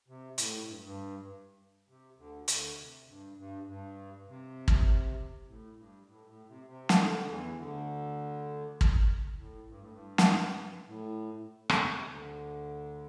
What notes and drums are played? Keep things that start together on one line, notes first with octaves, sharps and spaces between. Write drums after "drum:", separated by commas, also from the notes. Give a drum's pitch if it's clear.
C3
A2, drum: hi-hat
G2
G2
C3
D2 D3
D2 D3, drum: hi-hat
C3
G2
G2
G2
C3
drum: kick
A2
G2
A2
A2
C3
C3
drum: snare
D2 D3
D3
E2 E3
D2 D3
drum: kick
A2
G2
A2
G2
drum: snare
A2
D3, drum: rim click
C3
D2 D3